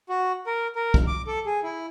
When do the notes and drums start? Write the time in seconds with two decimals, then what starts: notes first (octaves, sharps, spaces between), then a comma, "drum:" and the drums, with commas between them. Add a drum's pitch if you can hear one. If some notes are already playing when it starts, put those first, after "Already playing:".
0.09 F#4
0.47 A#4
0.76 A#4
0.94 drum: kick
1.07 D6
1.27 A4
1.46 G#4
1.63 E4